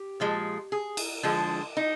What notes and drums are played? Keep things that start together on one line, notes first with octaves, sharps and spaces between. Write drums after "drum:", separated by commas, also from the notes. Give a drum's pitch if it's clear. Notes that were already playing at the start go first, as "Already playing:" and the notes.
Already playing: G4
A#2 F3 G#3
G#4
drum: cymbal
D3 F3 G#3
D#4